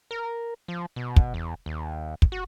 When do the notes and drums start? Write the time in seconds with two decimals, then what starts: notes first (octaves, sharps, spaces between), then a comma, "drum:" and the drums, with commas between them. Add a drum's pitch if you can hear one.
0.11 A#4
0.68 F3
0.96 B2
1.16 drum: kick
1.34 E2
1.66 D#2
2.22 drum: kick
2.32 F#4